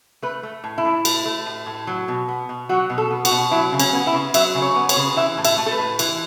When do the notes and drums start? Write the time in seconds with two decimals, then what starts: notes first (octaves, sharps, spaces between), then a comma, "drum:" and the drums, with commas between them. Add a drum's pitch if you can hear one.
0.22 A3 B4
0.43 A3
0.64 A2
0.78 E4
0.85 A2
1.05 A3, drum: cymbal
1.25 A3
1.46 A2
1.66 A2
1.87 F#3
2.08 B2
2.29 B3
2.49 B2
2.69 F#3 F#4
2.90 B2
2.98 A4
3.10 B3
3.25 F#4, drum: cymbal
3.31 B2
3.51 F#3 E4
3.72 C#3
3.79 C#4, drum: cymbal
3.93 B3
4.07 E4
4.14 C#3
4.34 F#3 E5, drum: cymbal
4.55 C#3
4.62 C#5
4.76 B3
4.89 C#5, drum: cymbal
4.96 C#3
5.16 E3 E5
5.38 A2
5.45 E5, drum: cymbal
5.58 A3
5.66 A4
5.71 B4
5.79 A2
5.99 E3, drum: cymbal